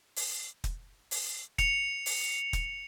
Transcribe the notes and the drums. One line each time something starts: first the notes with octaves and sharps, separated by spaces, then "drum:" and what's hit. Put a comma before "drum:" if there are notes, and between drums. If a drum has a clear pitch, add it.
drum: open hi-hat
drum: kick, hi-hat
drum: open hi-hat
C#7 F7, drum: kick, hi-hat
drum: open hi-hat
drum: kick, hi-hat